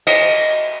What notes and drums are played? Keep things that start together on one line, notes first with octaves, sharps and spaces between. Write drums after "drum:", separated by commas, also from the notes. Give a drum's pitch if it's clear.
D#5, drum: cymbal